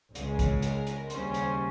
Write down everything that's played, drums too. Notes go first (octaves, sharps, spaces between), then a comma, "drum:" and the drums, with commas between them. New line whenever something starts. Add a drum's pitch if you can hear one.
C#2 C#3 G#3, drum: hi-hat
drum: kick, hi-hat
A#4, drum: hi-hat
drum: hi-hat
D#2 C#3 G3 C#4 C5, drum: hi-hat
drum: hi-hat